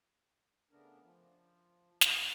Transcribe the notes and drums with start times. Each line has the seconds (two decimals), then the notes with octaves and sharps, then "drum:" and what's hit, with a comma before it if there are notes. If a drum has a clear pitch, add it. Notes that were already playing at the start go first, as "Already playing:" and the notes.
0.71 C#3 A3 B3 D4 A#4
1.02 F3
2.01 drum: snare